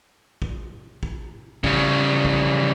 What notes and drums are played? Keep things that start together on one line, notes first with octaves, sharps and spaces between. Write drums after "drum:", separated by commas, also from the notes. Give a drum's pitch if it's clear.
drum: kick
drum: kick
C#3 G3, drum: kick
drum: kick